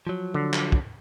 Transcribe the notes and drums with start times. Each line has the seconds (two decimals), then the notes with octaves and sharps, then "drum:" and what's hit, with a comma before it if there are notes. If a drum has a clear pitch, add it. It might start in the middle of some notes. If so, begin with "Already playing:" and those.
0.07 F3 F#3
0.34 D3
0.53 drum: clap
0.72 drum: kick